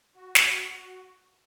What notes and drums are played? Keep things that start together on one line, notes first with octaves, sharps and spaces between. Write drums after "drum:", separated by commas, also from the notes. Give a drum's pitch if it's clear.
F#4
drum: snare